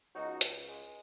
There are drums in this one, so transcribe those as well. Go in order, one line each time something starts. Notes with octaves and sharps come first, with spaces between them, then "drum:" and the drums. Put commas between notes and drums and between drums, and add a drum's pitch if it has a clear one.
C#2 D#4 F#4
C#2, drum: hi-hat
G#3